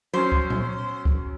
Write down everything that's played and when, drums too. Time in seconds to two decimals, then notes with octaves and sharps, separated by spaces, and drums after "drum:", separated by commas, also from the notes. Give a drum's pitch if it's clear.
0.14 F#3 C#4 C5
0.32 drum: kick
0.50 drum: tom A#2
1.05 drum: kick